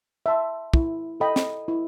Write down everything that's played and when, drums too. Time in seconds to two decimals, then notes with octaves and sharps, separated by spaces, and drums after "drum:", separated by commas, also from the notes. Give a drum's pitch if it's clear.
0.26 E5 A5 C6
0.74 E4, drum: kick
1.20 A4 D#5 G5 B5
1.36 drum: snare
1.68 E4